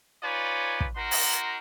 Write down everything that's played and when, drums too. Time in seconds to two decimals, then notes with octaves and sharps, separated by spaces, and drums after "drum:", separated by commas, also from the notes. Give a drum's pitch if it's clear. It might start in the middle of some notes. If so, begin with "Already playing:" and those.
0.23 D#4 F4 B4 C#5 D5 G#5
0.80 drum: kick
0.96 D#4 F#4 A#4 A#5 C6
1.11 drum: open hi-hat